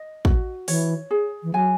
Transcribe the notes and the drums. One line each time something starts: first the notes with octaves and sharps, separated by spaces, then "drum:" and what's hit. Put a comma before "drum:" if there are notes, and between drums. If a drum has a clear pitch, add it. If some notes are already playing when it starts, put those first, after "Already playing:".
Already playing: D#5
F#4, drum: kick
E3 C#5, drum: open hi-hat
G#4
E3
F#3 G#5